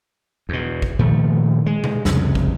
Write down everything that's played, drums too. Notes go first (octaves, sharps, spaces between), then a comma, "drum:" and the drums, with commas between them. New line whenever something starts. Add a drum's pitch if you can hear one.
E2 B2
drum: kick
A#2 D#3 F3 A3
G#3
drum: tom B2
C2 F2 C#3, drum: snare
drum: kick